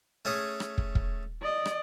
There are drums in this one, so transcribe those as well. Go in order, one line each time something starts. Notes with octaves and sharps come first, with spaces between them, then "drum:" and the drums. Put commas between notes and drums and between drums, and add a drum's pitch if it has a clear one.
A3 C#4 G#4
drum: rim click
drum: kick
drum: kick
D5 D#5
drum: rim click